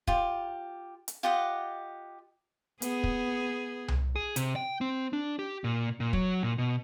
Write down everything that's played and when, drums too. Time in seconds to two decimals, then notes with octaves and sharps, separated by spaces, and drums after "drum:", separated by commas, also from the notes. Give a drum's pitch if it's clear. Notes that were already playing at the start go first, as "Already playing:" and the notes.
0.07 F4 G4, drum: kick
1.08 drum: hi-hat
1.23 F4 G4 D#5 F#5
2.82 B3 G#4, drum: hi-hat
3.04 drum: kick
3.88 drum: tom C2
4.16 G#4
4.36 C3, drum: hi-hat
4.56 G5
4.81 C4
5.13 D4
5.39 G4
5.64 A#2
6.00 A#2
6.13 F#3, drum: kick
6.43 A#2
6.58 B2